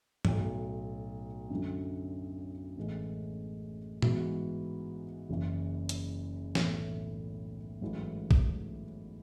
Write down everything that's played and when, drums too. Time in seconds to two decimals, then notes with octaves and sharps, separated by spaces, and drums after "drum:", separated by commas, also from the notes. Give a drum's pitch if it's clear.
0.25 B1 A2 F#3, drum: tom G2
1.50 F#2 D3 F#3
2.77 A1 A2 G#3
4.02 G#2 E3 B3 F#4, drum: tom A#2
5.30 F#1 F#2 E3
5.89 drum: hi-hat
6.55 B1 A2 E3, drum: snare
7.81 A1 G#2 F#3 A3 E4
8.31 drum: kick